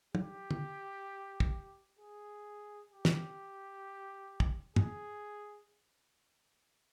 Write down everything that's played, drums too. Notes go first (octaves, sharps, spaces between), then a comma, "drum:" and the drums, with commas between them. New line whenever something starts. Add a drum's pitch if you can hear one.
G4, drum: tom
drum: tom
drum: kick
G#4
G4
drum: snare
drum: kick
G#4, drum: tom